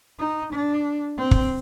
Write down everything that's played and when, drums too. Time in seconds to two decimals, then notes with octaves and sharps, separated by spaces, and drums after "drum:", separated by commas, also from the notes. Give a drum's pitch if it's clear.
0.19 D#4
0.52 D4
1.18 C4
1.31 drum: kick